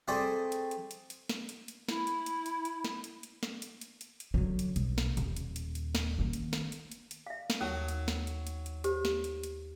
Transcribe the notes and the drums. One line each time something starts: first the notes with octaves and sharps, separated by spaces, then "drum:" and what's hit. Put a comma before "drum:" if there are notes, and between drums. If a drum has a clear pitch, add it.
A3 C4 G#4 D5
drum: hi-hat
drum: hi-hat
drum: hi-hat
drum: hi-hat
drum: snare
drum: hi-hat
drum: hi-hat
E4, drum: snare
drum: hi-hat
drum: hi-hat
drum: hi-hat
drum: hi-hat
drum: snare
drum: hi-hat
drum: hi-hat
drum: snare
drum: hi-hat
drum: hi-hat
drum: hi-hat
drum: hi-hat
D3 F#3
drum: hi-hat
B1, drum: hi-hat
drum: snare
D#1, drum: hi-hat
drum: hi-hat
drum: hi-hat
drum: hi-hat
drum: snare
D#3 A#3
drum: hi-hat
drum: snare
drum: hi-hat
drum: hi-hat
drum: hi-hat
E5 F5
drum: snare
D#2 F#3 A#4
drum: hi-hat
drum: snare
drum: hi-hat
drum: hi-hat
drum: hi-hat
G4 C5, drum: hi-hat
drum: snare
drum: hi-hat
drum: hi-hat